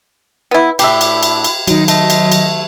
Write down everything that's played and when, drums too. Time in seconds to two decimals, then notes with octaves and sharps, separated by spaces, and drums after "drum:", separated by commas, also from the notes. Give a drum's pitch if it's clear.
0.51 B3 E4
0.79 A2 D4 G4 E5 B5, drum: cymbal
1.01 drum: cymbal
1.23 drum: cymbal
1.44 drum: cymbal
1.68 D#3 F#3 D#4, drum: cymbal
1.88 A3 D#5, drum: cymbal
2.10 drum: cymbal
2.32 drum: cymbal